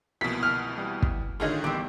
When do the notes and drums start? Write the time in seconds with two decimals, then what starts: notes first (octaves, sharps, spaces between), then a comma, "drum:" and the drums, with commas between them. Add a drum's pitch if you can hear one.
0.21 C2 B2 E3 F3 A#3 B6
0.43 F6
0.76 E3 G3
1.02 drum: kick
1.40 A2 D3 D#3 F4 G#4 A4 C#5 D#5
1.64 A1 E2 G3 C4 G4